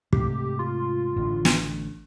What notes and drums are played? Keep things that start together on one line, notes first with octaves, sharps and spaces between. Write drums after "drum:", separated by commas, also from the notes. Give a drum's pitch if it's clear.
G#2 C3 A3 G4, drum: kick
F4
A1 A2 D3
drum: snare